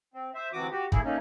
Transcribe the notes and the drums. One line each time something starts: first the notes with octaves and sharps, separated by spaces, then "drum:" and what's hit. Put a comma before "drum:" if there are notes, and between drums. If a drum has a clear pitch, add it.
C4
C5 E5
D2 C3 E3 F#4 D6 D#6
F#4 G4
A3 A#3 E4 G#4, drum: kick
A3 A#3 C#4 D#4